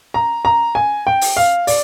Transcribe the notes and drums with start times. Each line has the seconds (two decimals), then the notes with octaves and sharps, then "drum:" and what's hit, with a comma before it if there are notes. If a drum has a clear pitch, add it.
0.14 A#5
0.45 A#5
0.75 G#5
1.07 G5
1.21 drum: open hi-hat
1.36 F5
1.67 D5, drum: open hi-hat